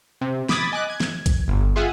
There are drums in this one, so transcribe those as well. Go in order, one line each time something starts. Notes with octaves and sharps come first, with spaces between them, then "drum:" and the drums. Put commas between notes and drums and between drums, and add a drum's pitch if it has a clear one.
C3
B5 D6 D#6 G#6 A6 B6, drum: snare
D#5 G#5 D6 F#6
G#6
drum: snare
drum: kick A#1, hi-hat
G1
F4 G#4 E5 F#5 G#5